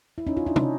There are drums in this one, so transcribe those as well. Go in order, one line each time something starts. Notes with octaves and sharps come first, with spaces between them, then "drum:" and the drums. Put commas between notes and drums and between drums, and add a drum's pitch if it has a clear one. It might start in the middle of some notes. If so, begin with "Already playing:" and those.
E4
C#4 D#4
D#4 F4
D4 E4
C#4 D#4, drum: tom